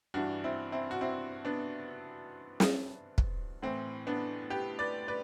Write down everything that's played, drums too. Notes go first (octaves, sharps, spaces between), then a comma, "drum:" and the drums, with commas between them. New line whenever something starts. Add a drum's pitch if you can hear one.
G2 E3 D4 F#4
C4 E4
C4 E4
F#4
C4 E4
B3 D4
drum: snare
drum: kick
A2 E3 C4
B3 D4
G4 B4
B4 D5
B4 D5